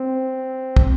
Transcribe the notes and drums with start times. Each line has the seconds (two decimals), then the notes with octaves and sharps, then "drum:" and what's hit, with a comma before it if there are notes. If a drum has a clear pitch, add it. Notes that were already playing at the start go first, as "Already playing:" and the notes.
Already playing: C4
0.76 drum: kick